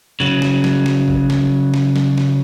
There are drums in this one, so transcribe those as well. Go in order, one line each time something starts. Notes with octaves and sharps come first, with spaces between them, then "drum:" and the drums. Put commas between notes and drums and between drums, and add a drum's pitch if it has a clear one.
C#3 F#3
drum: snare
drum: snare
drum: snare
drum: kick G#1
drum: snare
drum: snare
drum: snare
drum: snare